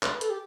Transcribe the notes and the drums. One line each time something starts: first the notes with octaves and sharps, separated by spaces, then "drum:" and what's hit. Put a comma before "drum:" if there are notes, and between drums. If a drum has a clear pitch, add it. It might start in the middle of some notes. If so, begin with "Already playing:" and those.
B4, drum: clap
A4, drum: hi-hat
G4